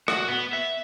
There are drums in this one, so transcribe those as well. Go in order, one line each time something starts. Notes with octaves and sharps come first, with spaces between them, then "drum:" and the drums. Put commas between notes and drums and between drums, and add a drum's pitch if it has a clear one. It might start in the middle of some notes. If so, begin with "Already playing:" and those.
F#4, drum: rim click
B3
E5